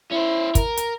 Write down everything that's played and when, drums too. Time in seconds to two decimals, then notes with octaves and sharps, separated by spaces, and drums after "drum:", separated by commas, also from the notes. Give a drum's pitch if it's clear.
0.12 C#4 E4 C5
0.55 A#4, drum: kick, hi-hat
0.77 drum: hi-hat